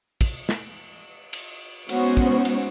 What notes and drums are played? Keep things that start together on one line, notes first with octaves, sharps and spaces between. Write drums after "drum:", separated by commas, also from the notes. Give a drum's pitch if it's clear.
drum: kick, cymbal
drum: snare
drum: cymbal
G#3 B3 C#4 D#4 F#4 C5, drum: cymbal
drum: kick
drum: cymbal